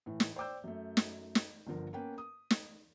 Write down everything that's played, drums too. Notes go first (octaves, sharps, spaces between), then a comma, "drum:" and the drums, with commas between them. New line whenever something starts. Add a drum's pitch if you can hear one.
A2 E3
drum: snare
C5 D5 G5 D6 E6 G6
F#2 A3
drum: snare
drum: snare
G1 D3 F3 A#4
A#3 B3 C#4 B4 G5
D#6
drum: snare